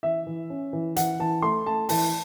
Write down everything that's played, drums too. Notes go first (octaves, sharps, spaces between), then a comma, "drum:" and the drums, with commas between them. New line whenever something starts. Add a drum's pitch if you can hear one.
E3 E5
E3
C#4
E3
E3 F#5, drum: hi-hat
E3 A5
A3 C6
A3 A5
E3 A5, drum: open hi-hat